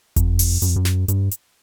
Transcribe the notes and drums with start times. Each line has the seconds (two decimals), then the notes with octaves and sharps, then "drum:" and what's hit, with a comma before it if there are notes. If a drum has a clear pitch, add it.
0.16 F2, drum: kick F#1, hi-hat
0.39 drum: open hi-hat
0.62 F#2, drum: hi-hat
0.69 F2
0.76 F#2
0.85 drum: snare
1.08 G2, drum: hi-hat
1.31 drum: hi-hat